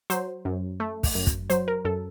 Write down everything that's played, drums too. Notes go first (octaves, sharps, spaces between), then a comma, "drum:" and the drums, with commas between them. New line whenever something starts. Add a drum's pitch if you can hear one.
F#3 C5, drum: hi-hat
F#2
A3
drum: kick, open hi-hat
F#2
drum: kick, hi-hat
F#3 C5, drum: hi-hat
A#4
F#2 A4